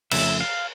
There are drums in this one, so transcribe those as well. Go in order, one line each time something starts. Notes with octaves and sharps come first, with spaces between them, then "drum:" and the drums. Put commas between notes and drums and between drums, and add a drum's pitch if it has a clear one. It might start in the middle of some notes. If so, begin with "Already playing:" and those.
F2 C#3 F3 A3 E5, drum: cymbal
F5